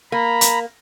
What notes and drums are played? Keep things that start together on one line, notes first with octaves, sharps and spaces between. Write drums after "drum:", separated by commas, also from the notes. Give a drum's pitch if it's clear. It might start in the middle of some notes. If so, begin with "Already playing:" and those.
A#3 A#5 B5
drum: hi-hat